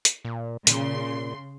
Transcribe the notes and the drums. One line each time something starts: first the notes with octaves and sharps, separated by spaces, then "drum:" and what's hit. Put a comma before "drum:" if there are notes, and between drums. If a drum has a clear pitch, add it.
drum: hi-hat
A#2
A#2 C#3 C6, drum: hi-hat